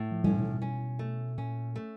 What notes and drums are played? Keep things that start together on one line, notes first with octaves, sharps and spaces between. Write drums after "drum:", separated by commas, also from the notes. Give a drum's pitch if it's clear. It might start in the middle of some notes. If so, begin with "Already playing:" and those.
Already playing: A2
F3
C#4, drum: tom G3
B2
C#4
A3
A#2 C#4
A3